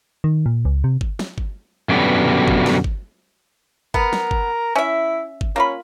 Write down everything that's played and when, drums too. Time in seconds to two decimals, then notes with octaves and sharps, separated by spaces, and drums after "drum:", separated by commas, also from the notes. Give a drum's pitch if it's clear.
0.24 D#3
0.46 A#2
0.65 C#2
0.84 C3
1.01 drum: kick G1
1.19 drum: snare
1.38 drum: kick G1
1.89 F#2 B2 D3 G3 B3
2.48 drum: kick G1
2.66 drum: snare
2.84 drum: kick G1
3.94 B3 A#4, drum: kick G1
4.13 drum: snare
4.31 drum: kick G1
4.76 C#4 E4 E5
5.41 drum: kick G1
5.56 A#3 C#4 F4 B5